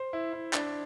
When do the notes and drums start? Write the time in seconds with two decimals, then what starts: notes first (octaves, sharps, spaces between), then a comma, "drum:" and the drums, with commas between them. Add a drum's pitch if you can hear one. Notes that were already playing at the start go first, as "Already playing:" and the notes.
Already playing: C5
0.13 E4
0.33 E4
0.53 D4, drum: clap